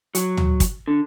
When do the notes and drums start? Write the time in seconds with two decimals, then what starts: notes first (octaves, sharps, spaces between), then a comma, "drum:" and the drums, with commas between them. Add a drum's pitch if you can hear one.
0.15 F#3, drum: hi-hat
0.37 drum: tom
0.60 drum: kick, hi-hat
0.88 D3